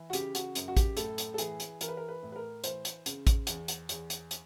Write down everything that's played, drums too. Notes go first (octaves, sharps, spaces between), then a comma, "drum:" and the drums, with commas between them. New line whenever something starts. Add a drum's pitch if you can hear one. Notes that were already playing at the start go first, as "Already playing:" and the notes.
Already playing: E3
F#4
C#3 G4, drum: hi-hat
F#4, drum: hi-hat
F#2, drum: hi-hat
F#4
G4, drum: kick A1, hi-hat
A2 A4, drum: hi-hat
drum: hi-hat
A4
E3 G#4, drum: hi-hat
drum: hi-hat
E3 A#4, drum: hi-hat
B4
A#4
B4
A2
B4
A#4
E3 C5, drum: hi-hat
drum: hi-hat
C#3, drum: hi-hat
drum: kick A1, hi-hat
E2, drum: hi-hat
drum: hi-hat
E2, drum: hi-hat
drum: hi-hat
drum: hi-hat